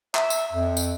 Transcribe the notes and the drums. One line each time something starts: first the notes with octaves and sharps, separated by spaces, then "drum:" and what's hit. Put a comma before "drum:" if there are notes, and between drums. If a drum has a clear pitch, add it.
E5, drum: clap
drum: tambourine
F2
drum: tambourine